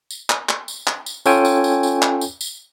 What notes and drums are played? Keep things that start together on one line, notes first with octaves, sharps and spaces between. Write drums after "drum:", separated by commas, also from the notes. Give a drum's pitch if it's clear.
drum: tambourine
drum: clap
drum: clap
drum: tambourine
drum: clap
drum: tambourine
C#4 F4 A4 C#5 G5 G#5, drum: tambourine
drum: tambourine
drum: tambourine
drum: tambourine
drum: clap
drum: tambourine
drum: tambourine